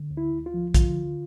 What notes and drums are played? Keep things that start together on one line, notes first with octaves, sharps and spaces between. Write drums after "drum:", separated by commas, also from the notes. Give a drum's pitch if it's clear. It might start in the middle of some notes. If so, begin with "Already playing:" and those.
Already playing: D3
D2
E4
D2
F4
F3
D3 F4, drum: kick, hi-hat
D2